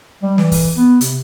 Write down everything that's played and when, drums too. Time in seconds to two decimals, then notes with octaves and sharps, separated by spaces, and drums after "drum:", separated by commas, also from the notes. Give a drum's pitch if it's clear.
0.22 G3
0.38 E3, drum: snare
0.52 drum: kick, open hi-hat
0.76 B3
1.01 C3, drum: hi-hat